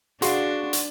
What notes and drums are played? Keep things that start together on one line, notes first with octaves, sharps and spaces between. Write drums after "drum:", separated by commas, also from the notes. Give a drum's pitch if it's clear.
D4 F#4 G#4 F5 C6, drum: hi-hat
drum: hi-hat